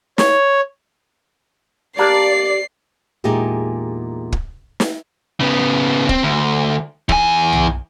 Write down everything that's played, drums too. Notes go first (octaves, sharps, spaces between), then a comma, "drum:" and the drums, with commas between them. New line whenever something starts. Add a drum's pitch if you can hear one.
C#5, drum: snare
A#3 D4 G4 D5 C7
E2 A#2 G#3 D#4 G4 G#4
drum: kick
drum: snare
C#3 B3
C4, drum: kick
D2
E2 G#5, drum: kick
drum: tom